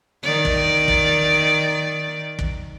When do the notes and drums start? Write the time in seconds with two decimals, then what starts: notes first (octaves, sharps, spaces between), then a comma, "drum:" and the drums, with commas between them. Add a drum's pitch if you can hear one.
0.23 D#3 D5
0.45 drum: kick
0.88 drum: kick
2.39 drum: kick